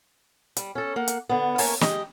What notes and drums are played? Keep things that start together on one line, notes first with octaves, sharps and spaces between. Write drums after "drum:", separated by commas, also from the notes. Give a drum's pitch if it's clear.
G3, drum: hi-hat
C#4 A4
A#3 F#5
drum: hi-hat
D3 B3
A#3 C#4 A#4 C#5 G#5 A5, drum: open hi-hat
G#3 G4 D#5, drum: snare